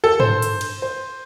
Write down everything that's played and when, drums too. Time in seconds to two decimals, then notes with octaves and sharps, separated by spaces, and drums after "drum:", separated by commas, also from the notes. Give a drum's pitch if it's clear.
0.04 A4
0.20 C5, drum: tom
0.42 drum: hi-hat
0.61 drum: cymbal
0.82 C5